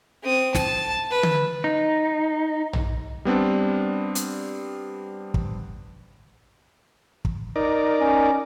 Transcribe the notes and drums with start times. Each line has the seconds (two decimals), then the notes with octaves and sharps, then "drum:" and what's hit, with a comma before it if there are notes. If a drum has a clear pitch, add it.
0.23 C4 D#6
0.55 A5, drum: snare
1.11 B4
1.23 drum: tom D3
1.64 D#4
2.73 drum: tom A#1
3.25 G3 B3 C4 D4
4.15 drum: hi-hat
5.34 drum: kick
7.25 drum: kick
7.56 D#4 A#4 D5
8.01 C#4